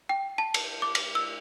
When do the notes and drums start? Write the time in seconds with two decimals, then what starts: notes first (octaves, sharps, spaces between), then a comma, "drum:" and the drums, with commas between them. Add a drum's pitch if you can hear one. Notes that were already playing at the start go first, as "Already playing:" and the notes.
0.09 G5
0.38 A5
0.54 drum: cymbal
0.82 D6
0.95 drum: cymbal
1.15 E6